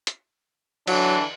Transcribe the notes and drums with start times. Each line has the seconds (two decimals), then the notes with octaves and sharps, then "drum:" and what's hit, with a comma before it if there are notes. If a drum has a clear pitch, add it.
0.07 drum: hi-hat
0.87 D3 E3 F#3 D4, drum: cymbal